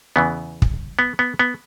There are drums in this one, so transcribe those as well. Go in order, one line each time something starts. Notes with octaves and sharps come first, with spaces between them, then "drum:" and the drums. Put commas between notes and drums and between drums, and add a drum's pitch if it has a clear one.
E2 C#3 E3 B3
drum: kick
B3
B3
B3